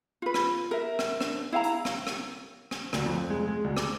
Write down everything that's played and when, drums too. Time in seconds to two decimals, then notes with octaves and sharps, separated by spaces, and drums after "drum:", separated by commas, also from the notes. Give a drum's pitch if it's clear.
0.22 F4 B4
0.34 drum: rim click
0.71 A#4 E5
0.99 drum: rim click
1.21 D4, drum: rim click
1.52 E4 F5 G#5 A#5
1.64 drum: hi-hat
1.85 drum: rim click
2.07 drum: rim click
2.71 drum: rim click
2.93 D2, drum: rim click
3.06 F2
3.30 G#3
3.48 G#3
3.64 D2
3.77 D6, drum: rim click